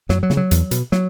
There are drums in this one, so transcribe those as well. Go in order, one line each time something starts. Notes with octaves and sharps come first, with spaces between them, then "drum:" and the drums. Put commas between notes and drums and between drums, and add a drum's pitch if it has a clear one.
F#2 F#3, drum: snare
F#3
C#3, drum: snare
F#3
E2, drum: hi-hat
B2, drum: hi-hat
F#3, drum: snare